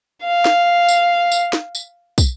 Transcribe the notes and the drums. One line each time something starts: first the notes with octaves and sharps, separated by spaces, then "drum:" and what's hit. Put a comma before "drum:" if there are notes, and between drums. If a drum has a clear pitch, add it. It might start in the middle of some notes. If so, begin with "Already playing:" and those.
F5
drum: snare
drum: tambourine
drum: tambourine
drum: snare
drum: tambourine
drum: kick, tambourine